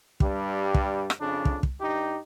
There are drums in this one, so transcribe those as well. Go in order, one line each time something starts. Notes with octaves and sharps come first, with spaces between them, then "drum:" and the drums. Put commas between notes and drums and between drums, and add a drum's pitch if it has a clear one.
G2 G3, drum: kick
drum: kick
drum: rim click
F2 C#3 D4
drum: kick
drum: kick
G2 D#4 G4